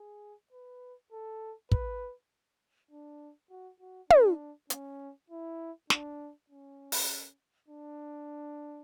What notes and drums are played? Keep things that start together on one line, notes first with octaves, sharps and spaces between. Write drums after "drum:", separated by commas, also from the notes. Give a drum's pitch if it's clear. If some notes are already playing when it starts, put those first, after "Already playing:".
Already playing: G#4
B4
A4
B4, drum: kick
D4
F#4
F#4
D4, drum: tom
C#4, drum: hi-hat
E4
D4, drum: snare
C#4
drum: open hi-hat
D4